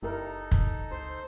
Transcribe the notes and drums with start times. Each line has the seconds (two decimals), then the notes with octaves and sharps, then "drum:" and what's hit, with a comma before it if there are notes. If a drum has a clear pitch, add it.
0.02 F#1 D#4 E4 G4 A4 A#4
0.52 drum: kick
0.91 C#2 C5